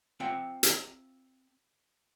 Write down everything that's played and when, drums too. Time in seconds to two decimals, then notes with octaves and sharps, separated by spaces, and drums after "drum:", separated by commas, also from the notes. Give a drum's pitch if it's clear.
0.20 C4 F4 E5 F#5 G5
0.63 drum: hi-hat